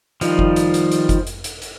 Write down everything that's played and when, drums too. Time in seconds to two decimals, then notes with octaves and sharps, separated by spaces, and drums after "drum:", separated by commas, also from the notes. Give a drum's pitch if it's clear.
0.21 D#3 F3 G3, drum: hi-hat
0.39 drum: kick F#1
0.56 drum: hi-hat
0.74 drum: hi-hat
0.92 drum: hi-hat
1.09 drum: kick F#1, hi-hat
1.27 drum: hi-hat
1.44 drum: hi-hat
1.62 drum: hi-hat